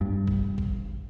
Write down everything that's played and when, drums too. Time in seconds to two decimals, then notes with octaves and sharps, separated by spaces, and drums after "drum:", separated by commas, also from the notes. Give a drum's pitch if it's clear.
0.01 G2
0.27 drum: kick G#1
0.58 drum: kick G#1